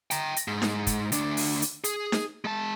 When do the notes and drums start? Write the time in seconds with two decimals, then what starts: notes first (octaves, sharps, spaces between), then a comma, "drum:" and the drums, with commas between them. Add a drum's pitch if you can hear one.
0.11 G5 A#5, drum: hi-hat
0.37 drum: hi-hat
0.48 G#2
0.62 drum: snare D#4
0.87 drum: kick, hi-hat
1.12 D2 D4, drum: hi-hat
1.37 drum: open hi-hat
1.62 drum: hi-hat
1.84 G#4, drum: hi-hat
2.12 drum: snare D#4
2.45 G#3 A5